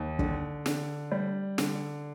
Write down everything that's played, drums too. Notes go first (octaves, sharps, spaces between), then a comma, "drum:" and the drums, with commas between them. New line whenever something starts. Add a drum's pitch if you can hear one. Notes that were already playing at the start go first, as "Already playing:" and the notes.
Already playing: D#2
D3, drum: kick
D3, drum: snare
G3
D3, drum: snare